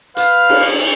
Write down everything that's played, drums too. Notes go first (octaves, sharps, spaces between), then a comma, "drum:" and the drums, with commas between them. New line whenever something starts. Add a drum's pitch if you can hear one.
B4 F5, drum: hi-hat
drum: cymbal